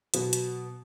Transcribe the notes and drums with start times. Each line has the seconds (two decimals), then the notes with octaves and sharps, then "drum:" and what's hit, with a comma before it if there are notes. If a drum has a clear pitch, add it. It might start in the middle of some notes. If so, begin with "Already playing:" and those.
0.14 B2 F#3 B3, drum: hi-hat
0.33 drum: hi-hat